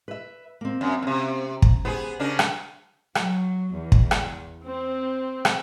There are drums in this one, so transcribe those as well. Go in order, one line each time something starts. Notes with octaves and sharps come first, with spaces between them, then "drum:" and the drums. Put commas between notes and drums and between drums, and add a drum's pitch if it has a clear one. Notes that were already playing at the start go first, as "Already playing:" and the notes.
B4 E5
A#3 C4
F#2
F#2 C3
drum: kick
B3 G4 G#4 C5
C#3 D4 A#4
drum: rim click
F#3, drum: rim click
E2
drum: kick
drum: rim click
C4
drum: rim click